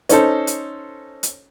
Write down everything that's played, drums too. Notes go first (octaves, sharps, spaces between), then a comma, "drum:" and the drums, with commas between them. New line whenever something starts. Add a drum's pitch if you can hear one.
C#4 D#4 A4 C5, drum: hi-hat
drum: hi-hat
drum: hi-hat